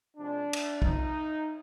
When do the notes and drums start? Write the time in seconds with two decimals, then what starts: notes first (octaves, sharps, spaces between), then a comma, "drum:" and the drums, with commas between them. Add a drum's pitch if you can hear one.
0.17 C3 F3 G#3 D4
0.53 drum: cymbal
0.82 C3 F3 G#3 D#4, drum: kick B1